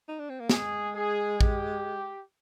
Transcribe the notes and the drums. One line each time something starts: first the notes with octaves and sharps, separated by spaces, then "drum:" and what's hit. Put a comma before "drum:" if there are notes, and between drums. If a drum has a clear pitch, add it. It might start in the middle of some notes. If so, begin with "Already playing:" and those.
D#4
D4
C4
A#3
G#3 G#4, drum: snare
G#4
G4, drum: kick A1